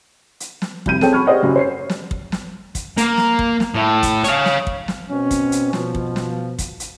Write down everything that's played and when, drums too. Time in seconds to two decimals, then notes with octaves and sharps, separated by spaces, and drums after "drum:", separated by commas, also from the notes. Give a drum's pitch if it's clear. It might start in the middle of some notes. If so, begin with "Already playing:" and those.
0.40 drum: hi-hat
0.62 drum: snare
0.86 F1 C2 G6 D#7, drum: kick
1.01 C4 G#4 A4 C#5 G5, drum: snare
1.13 B5 C#6 F6 G#6
1.27 G4 G#4 C5 D5 D#5 F#5
1.43 F#1 F#2
1.56 C5 C#5 C7
1.90 drum: snare
2.11 drum: kick
2.32 drum: snare
2.75 drum: kick, hi-hat
2.97 A#3, drum: hi-hat
3.17 drum: snare
3.39 drum: kick
3.60 drum: snare
3.75 A2
4.03 drum: kick, hi-hat
4.24 C#5 F5, drum: hi-hat
4.45 drum: snare
4.67 drum: kick
4.88 drum: snare
5.09 B2 C4 C#4
5.31 drum: kick, hi-hat
5.52 drum: hi-hat
5.73 B2 F3, drum: snare
5.95 drum: kick
6.16 drum: snare
6.59 drum: kick, hi-hat
6.80 drum: hi-hat